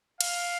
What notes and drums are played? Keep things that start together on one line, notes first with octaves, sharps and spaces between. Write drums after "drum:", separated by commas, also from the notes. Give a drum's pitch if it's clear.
F5, drum: cymbal